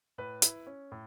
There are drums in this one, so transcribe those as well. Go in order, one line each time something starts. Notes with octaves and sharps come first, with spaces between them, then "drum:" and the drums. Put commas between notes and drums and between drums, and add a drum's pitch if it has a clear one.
A2 B4
E4, drum: hi-hat
C#4
A2